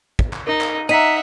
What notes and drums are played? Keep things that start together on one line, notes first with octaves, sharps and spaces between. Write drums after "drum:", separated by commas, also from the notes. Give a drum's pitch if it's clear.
drum: kick
drum: clap
D#4 A#4
drum: clap
D#4 E5 F#5 A#5 B6 D#7